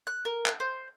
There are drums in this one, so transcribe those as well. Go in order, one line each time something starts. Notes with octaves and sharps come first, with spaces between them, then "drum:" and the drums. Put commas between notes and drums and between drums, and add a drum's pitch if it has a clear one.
F#6
A#4
drum: clap
C5